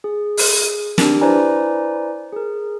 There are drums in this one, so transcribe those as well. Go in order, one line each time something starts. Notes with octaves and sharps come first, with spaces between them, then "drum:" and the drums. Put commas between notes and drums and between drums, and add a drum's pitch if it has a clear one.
G#4
drum: open hi-hat
D4 G4 A#4, drum: snare
E4 B4 C5 D5 G#5 A#5
G#4 A#4